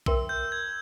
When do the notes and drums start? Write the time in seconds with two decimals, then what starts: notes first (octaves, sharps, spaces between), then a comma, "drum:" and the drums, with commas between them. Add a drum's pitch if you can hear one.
0.06 A#4 E5 G5 C6 E6, drum: kick B1
0.29 G6
0.52 G#6